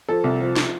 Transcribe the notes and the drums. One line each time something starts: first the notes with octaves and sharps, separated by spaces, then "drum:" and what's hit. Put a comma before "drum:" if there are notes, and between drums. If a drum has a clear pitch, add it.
F3 A4
C2
F3
drum: snare